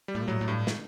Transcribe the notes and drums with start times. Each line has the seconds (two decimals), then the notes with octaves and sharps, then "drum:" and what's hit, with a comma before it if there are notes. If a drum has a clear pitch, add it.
0.08 G3
0.15 A2
0.22 A#2
0.28 A2 F#3
0.41 A2
0.48 G2
0.67 drum: snare